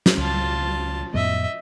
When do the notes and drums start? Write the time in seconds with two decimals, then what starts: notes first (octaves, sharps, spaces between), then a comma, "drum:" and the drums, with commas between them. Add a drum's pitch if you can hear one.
0.06 drum: snare
0.17 C#2 F4 A5
1.14 F2 A2 B3 D#5 E5